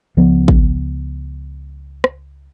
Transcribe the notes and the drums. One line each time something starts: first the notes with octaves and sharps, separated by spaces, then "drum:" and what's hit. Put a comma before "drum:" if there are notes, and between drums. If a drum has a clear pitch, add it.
C#2 F3 B3
drum: kick G#1
drum: rim click